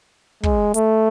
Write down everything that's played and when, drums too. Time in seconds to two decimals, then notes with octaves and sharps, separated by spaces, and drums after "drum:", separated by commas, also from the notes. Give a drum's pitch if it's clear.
0.43 G#3, drum: kick
0.74 A3, drum: hi-hat